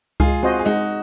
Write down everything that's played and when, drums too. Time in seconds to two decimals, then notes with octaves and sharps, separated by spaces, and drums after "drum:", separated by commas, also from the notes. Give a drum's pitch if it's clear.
0.20 G#3 F4 G#4, drum: kick C#2
0.43 C4 F#4 C5 D#5
0.59 G#4
0.65 G#3 D#4 F#4